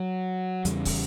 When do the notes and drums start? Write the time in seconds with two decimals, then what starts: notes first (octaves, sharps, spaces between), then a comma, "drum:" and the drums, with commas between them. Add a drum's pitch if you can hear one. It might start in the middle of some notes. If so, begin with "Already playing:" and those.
Already playing: F#3
0.65 E2 C#3 G3, drum: hi-hat
0.85 drum: kick, open hi-hat